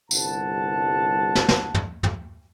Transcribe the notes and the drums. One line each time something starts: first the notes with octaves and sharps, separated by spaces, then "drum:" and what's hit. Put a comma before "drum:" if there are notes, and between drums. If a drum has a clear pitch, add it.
G1 C2 F#5 A5, drum: tambourine
drum: snare
drum: snare
drum: tom
drum: tom